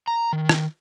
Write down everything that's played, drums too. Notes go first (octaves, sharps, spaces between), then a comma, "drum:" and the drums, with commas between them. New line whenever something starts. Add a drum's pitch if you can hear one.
A#5
D#3
drum: rim click